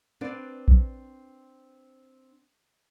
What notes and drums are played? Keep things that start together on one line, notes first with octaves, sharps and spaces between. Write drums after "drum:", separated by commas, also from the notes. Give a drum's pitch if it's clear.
C4 D4 B4 D5
drum: kick A#1